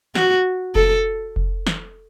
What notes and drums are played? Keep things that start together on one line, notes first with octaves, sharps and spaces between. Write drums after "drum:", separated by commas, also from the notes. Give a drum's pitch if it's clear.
F#4, drum: snare
A4, drum: kick F1
drum: kick F1
drum: snare